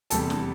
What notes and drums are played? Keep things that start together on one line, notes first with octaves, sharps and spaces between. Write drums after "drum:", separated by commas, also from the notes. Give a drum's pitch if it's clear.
F1 E2 C3 G3 A4 A5, drum: hi-hat
drum: snare